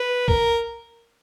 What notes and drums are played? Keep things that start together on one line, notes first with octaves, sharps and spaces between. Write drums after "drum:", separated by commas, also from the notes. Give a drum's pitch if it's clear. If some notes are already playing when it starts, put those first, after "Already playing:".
Already playing: B4
A#4, drum: kick